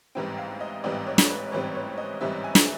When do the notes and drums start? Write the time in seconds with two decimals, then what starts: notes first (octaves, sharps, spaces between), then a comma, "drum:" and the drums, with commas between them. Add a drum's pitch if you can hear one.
0.15 A1 G#2 E3 G3 C4 G5
0.38 F5
0.61 D#5
0.84 A1 G#2 E3 G3 C4 D5
1.07 C#5
1.18 drum: snare
1.30 B4
1.52 A1 G#2 E3 G3 C4 C#5
1.75 C#5
1.98 D#5
2.20 A1 G#2 E3 G3 C4 E5
2.44 G#5
2.55 drum: snare